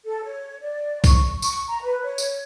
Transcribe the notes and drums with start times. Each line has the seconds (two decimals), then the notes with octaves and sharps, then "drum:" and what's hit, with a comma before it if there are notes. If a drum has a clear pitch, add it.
0.06 A4
0.24 C#5
0.60 D5
1.04 C#6, drum: kick B1, tambourine
1.42 C#6, drum: tambourine
1.69 A#5
1.82 B4
2.03 C#5
2.18 drum: tambourine